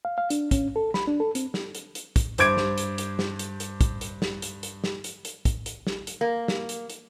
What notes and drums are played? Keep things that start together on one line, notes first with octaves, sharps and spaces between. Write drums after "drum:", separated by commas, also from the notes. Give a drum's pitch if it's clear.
F5
F5
D4, drum: hi-hat
C#4, drum: kick, hi-hat
A4
B5, drum: snare
D4
A4
C4, drum: hi-hat
drum: snare
drum: hi-hat
drum: hi-hat
drum: kick, hi-hat
G2 C5 D6 G#6 D7, drum: hi-hat
drum: snare
drum: hi-hat
drum: hi-hat
drum: snare
drum: hi-hat
drum: hi-hat
drum: kick, hi-hat
drum: hi-hat
drum: snare
drum: hi-hat
drum: hi-hat
drum: snare
drum: hi-hat
drum: hi-hat
drum: kick, hi-hat
drum: hi-hat
drum: snare
drum: hi-hat
A#3
drum: snare
drum: hi-hat
drum: hi-hat